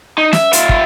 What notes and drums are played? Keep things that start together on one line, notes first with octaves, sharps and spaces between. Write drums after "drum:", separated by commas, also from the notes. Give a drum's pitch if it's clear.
D#4
E5, drum: snare
F4 E5, drum: hi-hat
drum: kick